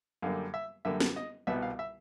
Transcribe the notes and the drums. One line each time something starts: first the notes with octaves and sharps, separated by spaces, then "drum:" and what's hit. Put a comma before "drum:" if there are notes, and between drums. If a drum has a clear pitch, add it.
F#2 D3 G3 A#3 F5
E5
F#2 D3 G3 A#3 E5
drum: snare
D#5
C2 B2 G3 B3 E5
F5
E5